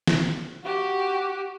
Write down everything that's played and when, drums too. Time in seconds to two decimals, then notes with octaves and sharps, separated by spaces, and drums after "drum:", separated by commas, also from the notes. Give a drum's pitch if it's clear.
0.07 drum: snare
0.64 F#4 G4